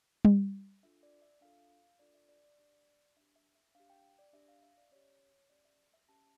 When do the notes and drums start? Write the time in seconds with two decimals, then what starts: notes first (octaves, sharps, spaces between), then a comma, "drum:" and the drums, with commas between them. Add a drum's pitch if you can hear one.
0.25 D4 F4 A4 E5, drum: tom G3
0.83 D4 F4 A4 E5
1.03 D5
1.22 E5
1.41 D4 F4 A4 F5
1.99 D4 F4 A4 D5
2.14 E5
2.29 D5
2.44 D5
2.58 D4 G4 D5
3.16 D4 G4 E5
3.36 E5
3.55 E5
3.75 D4 G4 F5
3.90 G5
4.19 D5
4.33 D4 G4 E5
4.48 F5
4.63 E5
4.77 D5
4.91 C#4 G4 C#5
5.50 C#4 G4 D5
5.65 E5
5.94 E5
6.09 C#4 G4 A5